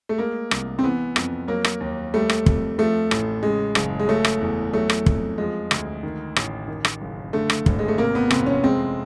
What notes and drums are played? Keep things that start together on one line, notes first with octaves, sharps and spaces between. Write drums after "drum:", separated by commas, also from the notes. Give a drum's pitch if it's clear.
A3
G#3 A#3
C2, drum: rim click
C4
E3 B3
F2, drum: rim click
F#3 A#3
drum: rim click
D#2
G3 A3
drum: rim click
F2, drum: kick
F3 A3
A1, drum: rim click
C#3 G#3
F#1, drum: rim click
G#3
F#3 A3
drum: rim click
E2
F#3 A3
drum: rim click
F2, drum: kick
F3 G#3
D2, drum: rim click
D#3
A1, drum: rim click
D#3
drum: rim click
F#1
D3 A3
drum: rim click
G#1, drum: kick
G#3
A3
C3 A#3
B3
F1 C4, drum: rim click
C#4
G#3 C4